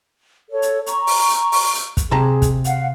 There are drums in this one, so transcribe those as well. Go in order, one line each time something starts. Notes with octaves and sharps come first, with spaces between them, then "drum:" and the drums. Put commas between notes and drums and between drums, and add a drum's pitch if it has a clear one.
A4 C#5
drum: hi-hat
A#5 C#6, drum: hi-hat
drum: open hi-hat
drum: hi-hat
drum: open hi-hat
drum: hi-hat
drum: kick, hi-hat
C3 G#4 A5 A#5
drum: kick, hi-hat
F5 F#5, drum: hi-hat